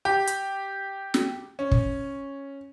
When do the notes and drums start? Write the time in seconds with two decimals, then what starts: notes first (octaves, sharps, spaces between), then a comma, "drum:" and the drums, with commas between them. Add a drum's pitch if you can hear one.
0.05 G4
0.27 drum: hi-hat
1.14 drum: snare
1.59 C#4
1.71 drum: kick